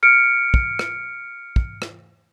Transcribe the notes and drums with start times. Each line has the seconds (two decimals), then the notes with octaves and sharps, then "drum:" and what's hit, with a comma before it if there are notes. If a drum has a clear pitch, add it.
0.03 F6 C#7 D7
0.54 drum: kick
0.79 drum: rim click
1.56 drum: kick
1.82 drum: rim click